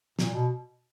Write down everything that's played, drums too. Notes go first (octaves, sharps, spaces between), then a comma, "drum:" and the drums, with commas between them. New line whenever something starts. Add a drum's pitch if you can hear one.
A#2, drum: snare
B2